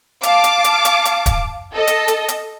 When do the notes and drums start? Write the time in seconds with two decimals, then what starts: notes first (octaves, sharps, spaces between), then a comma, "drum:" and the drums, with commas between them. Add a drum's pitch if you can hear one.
0.23 F5 A5 D6, drum: hi-hat
0.44 drum: hi-hat
0.64 drum: hi-hat
0.85 drum: hi-hat
1.05 drum: hi-hat
1.26 drum: kick D1, hi-hat
1.73 A4 D#5
1.87 drum: hi-hat
2.08 drum: hi-hat
2.28 drum: hi-hat